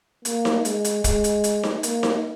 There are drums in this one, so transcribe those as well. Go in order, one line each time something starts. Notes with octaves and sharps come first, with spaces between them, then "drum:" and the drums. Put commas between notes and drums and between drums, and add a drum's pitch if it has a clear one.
A#3, drum: hi-hat
drum: snare D#4
G#3, drum: hi-hat
drum: hi-hat
G#3, drum: kick, hi-hat
drum: hi-hat
drum: hi-hat
drum: snare D#4
A#3, drum: hi-hat
drum: snare D#4